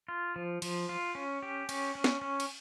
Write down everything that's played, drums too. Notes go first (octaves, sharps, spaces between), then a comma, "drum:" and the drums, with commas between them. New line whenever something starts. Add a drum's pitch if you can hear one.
F4
F3
F3, drum: cymbal
F4
C#4
G4
C#4, drum: cymbal
C#4
drum: snare
C#4
drum: cymbal